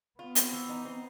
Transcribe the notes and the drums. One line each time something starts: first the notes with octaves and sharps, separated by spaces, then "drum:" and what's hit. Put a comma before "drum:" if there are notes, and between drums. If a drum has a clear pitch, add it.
B3 F4
C4, drum: hi-hat
E3
D#4
C4